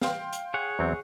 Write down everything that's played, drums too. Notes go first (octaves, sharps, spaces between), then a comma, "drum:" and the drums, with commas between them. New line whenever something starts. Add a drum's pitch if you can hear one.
F5 G5 C6, drum: snare
drum: hi-hat
G#4 C#5 F#5
E2 F#3 C4